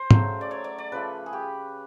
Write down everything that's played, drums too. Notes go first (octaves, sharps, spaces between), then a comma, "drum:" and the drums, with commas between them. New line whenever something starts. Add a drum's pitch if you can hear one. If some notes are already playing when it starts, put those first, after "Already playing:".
Already playing: C5
C#3 F#3 A3, drum: tom
D5
C#5
D5
D5
C#3 F3 A3 B4
G#4
G4